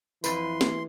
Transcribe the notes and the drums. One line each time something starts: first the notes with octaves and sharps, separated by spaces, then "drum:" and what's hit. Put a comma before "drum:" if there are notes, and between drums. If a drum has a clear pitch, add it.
F2 B2 E3 B4 C6, drum: tambourine
drum: snare